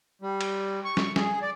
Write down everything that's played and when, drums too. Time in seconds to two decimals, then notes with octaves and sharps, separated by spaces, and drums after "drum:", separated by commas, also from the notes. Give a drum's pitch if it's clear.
0.22 G3
0.41 drum: cymbal
0.85 C#6
0.97 drum: snare
1.16 G#4, drum: snare
1.42 D5